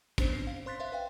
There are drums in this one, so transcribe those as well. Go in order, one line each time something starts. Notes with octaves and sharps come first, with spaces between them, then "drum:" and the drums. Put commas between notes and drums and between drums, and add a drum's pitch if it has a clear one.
B3 C#4 D4 C5, drum: kick, hi-hat
C4 C7
F5
C5 C6 F#6 A6 B6
C5 E5 F5
B4 F5 G5